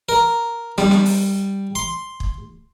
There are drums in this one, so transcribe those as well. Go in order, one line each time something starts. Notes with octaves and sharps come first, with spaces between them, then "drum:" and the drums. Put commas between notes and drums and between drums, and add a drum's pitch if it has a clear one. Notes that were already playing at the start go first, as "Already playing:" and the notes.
A#4
G3, drum: snare
drum: snare
drum: open hi-hat
C6
drum: kick